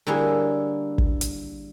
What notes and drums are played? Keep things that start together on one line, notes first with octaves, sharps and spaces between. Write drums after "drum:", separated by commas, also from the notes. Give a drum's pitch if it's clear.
D3 G3 A#3 E4 G#4 C#5
drum: kick
drum: hi-hat